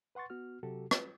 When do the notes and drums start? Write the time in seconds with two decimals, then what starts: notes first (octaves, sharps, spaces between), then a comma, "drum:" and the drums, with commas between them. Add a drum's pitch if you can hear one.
0.15 B4 F#5 C6 C#6 A6
0.30 B3 F#4 F6
0.63 C3 F#3 F#4 G4 A4
0.91 B4, drum: rim click